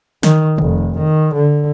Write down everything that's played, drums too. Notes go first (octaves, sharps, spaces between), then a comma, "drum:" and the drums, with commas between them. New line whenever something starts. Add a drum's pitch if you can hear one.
D#3, drum: snare
F1, drum: tom
D#3
D3